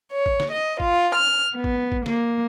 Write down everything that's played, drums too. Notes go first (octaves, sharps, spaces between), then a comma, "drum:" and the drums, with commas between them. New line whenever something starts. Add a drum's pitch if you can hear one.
C#5
drum: kick A1
drum: snare
D#5
F4, drum: kick A1
F6
B3
drum: kick A1
drum: kick A1
A#3, drum: snare